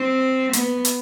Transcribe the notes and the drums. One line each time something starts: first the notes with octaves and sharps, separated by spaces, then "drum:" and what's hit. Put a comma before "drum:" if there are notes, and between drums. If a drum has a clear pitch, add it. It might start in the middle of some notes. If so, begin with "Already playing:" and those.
Already playing: C4
B3, drum: hi-hat
drum: hi-hat